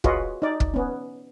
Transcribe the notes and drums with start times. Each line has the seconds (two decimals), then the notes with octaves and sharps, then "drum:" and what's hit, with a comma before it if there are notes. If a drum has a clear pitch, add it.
0.04 F4 F#4 G#4 B4 C#5 D#5, drum: kick
0.42 D#4 D5
0.60 drum: kick
0.74 B3 C#4